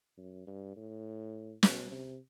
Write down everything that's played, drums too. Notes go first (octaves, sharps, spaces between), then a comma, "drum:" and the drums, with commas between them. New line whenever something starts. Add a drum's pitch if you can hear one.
F#2
G2
A2
B2, drum: snare
C3